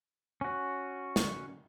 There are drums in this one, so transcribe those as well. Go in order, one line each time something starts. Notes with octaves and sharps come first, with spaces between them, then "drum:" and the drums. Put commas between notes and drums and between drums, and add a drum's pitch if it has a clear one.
C#4 F#4
drum: snare